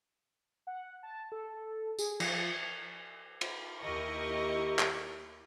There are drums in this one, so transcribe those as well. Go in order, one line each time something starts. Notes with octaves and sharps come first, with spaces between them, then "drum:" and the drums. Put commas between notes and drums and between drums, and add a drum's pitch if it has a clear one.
F#5
A5
A4
G#4, drum: tambourine
F3, drum: cymbal
drum: cymbal
D#2 E4 G4 A#4 D#5 C#6
drum: clap